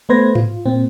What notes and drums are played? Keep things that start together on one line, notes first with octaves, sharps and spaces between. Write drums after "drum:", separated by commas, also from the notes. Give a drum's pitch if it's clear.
A3 B3 B4 C5 G#6 A#6
F4, drum: tom G#2
A#2 C4